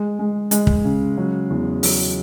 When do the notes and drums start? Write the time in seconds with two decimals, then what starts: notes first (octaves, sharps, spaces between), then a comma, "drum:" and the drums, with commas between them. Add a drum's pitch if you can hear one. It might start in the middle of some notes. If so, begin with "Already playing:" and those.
Already playing: G#3
0.19 G#3
0.51 G#3, drum: hi-hat
0.67 drum: kick
0.84 C#3
1.17 F#3
1.50 E2
1.83 F#3, drum: open hi-hat